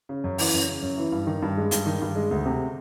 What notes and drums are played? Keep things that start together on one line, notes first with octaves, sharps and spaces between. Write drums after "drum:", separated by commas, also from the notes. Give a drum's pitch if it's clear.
C#3
F#2
E3, drum: open hi-hat
F#2
C#3
F#2
E3
G2
D#3
G2
G#3
G2, drum: hi-hat
D#3
G2
G#3
D2
C3